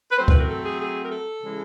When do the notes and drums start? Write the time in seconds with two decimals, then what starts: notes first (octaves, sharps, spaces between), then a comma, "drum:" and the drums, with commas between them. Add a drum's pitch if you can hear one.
0.11 B4
0.17 F#3 A3 C4 C5
0.28 B4, drum: kick C#2
0.38 A#4
0.49 A4
0.64 G#4
0.80 G#4
1.03 A#4
1.10 A4
1.42 C#3 E3 G#3